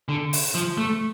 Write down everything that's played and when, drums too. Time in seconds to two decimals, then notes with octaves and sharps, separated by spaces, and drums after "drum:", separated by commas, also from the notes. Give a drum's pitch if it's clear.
0.09 D3
0.33 drum: open hi-hat
0.55 F3
0.78 A3